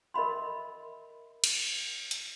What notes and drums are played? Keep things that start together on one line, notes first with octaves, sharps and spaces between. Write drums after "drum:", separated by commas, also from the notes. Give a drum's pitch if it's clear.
A#4 D#5 E5 B5 C6
drum: cymbal
drum: hi-hat